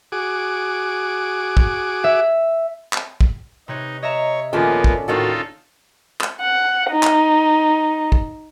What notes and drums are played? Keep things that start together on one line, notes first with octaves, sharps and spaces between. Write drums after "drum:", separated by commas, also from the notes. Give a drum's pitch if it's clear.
F#4 G#4 D6
drum: kick
E5
drum: clap
drum: kick
C3 D#4 B4 C#5
C#5 D#5 E5 A#5
D#1 D3 F3 A#3 B3 C#4 D4 G#4
drum: kick
A2 D#3 D#4 F4 F#4 A4
drum: clap
F#5
D#4
drum: clap
drum: kick